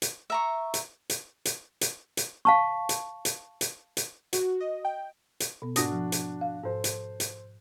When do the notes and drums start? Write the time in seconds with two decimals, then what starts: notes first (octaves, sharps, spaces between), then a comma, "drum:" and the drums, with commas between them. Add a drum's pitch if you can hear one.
0.02 drum: hi-hat
0.30 E5 A#5 C#6
0.74 drum: hi-hat
1.10 drum: hi-hat
1.45 drum: hi-hat
1.81 drum: hi-hat
2.17 drum: hi-hat
2.45 F5 A5 C#6
2.89 drum: hi-hat
3.25 drum: hi-hat
3.61 drum: hi-hat
3.97 drum: hi-hat
4.33 F#4, drum: hi-hat
4.60 D#5
4.85 G5
5.40 drum: hi-hat
5.62 B2 B3
5.76 G#2 D4 F#4 D#6 A#6, drum: hi-hat
5.92 F3
6.12 drum: hi-hat
6.41 F5
6.63 G#2 A4 C5
6.84 drum: hi-hat
7.20 drum: hi-hat